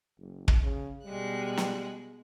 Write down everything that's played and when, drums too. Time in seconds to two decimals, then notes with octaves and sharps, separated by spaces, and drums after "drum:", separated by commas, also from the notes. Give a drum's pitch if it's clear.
0.18 F#1
0.48 drum: kick
0.63 C#3
1.05 B2 G3 G#3 F#6
1.57 drum: snare